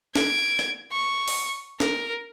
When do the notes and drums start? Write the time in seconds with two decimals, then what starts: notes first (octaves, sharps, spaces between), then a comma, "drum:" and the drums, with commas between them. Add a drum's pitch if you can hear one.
0.15 G#6 D7, drum: snare
0.59 drum: rim click
0.92 C#6
1.28 drum: open hi-hat
1.80 A#4, drum: snare